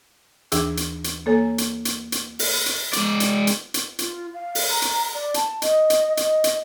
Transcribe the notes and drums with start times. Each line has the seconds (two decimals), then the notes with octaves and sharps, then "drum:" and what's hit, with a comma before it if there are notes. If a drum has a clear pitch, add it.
0.52 D#2 E3 D4 G#4 E6, drum: hi-hat
0.77 drum: hi-hat
1.04 drum: hi-hat
1.26 A#3 A4 C#5 G#5
1.58 drum: hi-hat
1.85 drum: hi-hat
2.12 drum: hi-hat
2.39 drum: open hi-hat
2.66 drum: hi-hat
2.93 G#3 D5, drum: hi-hat
3.20 drum: hi-hat
3.47 drum: hi-hat
3.74 drum: hi-hat
3.99 F4, drum: hi-hat
4.33 F5
4.55 drum: open hi-hat
4.70 A#5
4.82 drum: hi-hat
5.13 D5
5.34 A5, drum: hi-hat
5.62 D#5, drum: hi-hat
5.90 drum: hi-hat
6.17 D#5, drum: hi-hat
6.44 drum: hi-hat